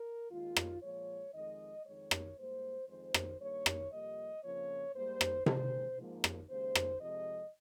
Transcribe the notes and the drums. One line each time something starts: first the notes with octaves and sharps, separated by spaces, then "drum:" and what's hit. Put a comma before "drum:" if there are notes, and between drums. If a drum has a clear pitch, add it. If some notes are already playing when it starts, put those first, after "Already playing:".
Already playing: A#4
D#2 D#3 G#3 F4
drum: rim click
A#2 F3 G#3 C#5
F2 D#3 G#3 D#5
F2 D#3 G#3 C#5
drum: rim click
G#2 G3 A#3 C5
F2 D#3 G#3 C5
drum: rim click
G2 D#3 A#3 C#5
drum: rim click
F2 C3 G3 A#3 D#5
F2 C#3 F3 A#3 C#5
G#2 G3 A#3 C5
drum: rim click
D#2 D#3 G#3 C5, drum: tom C3
G#2 F3 A#3
drum: rim click
D#2 C#3 G#3 C5
drum: rim click
F2 C3 F3 G#3 D#5